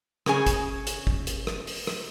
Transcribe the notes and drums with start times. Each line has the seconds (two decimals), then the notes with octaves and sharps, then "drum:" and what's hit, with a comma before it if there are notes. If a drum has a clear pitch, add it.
0.26 C#3 C#4 G#4 G#5, drum: rim click
0.46 drum: kick, hi-hat
0.87 drum: hi-hat
1.07 drum: kick
1.27 drum: hi-hat
1.47 drum: rim click
1.67 drum: open hi-hat
1.87 drum: rim click